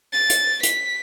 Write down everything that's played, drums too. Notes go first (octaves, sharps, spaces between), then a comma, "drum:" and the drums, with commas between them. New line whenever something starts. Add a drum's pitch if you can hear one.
A6
drum: hi-hat
B6, drum: hi-hat